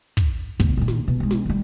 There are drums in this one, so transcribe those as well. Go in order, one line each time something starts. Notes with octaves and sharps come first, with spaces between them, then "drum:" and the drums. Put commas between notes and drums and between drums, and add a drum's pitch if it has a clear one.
drum: kick
B1 D3, drum: kick
A#2 D#3
drum: snare
B2
B1 G#3
drum: snare
D#3 G3